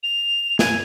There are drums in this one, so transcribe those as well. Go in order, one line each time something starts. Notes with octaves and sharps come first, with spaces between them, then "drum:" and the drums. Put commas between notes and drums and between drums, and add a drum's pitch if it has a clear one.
F7
G#5, drum: snare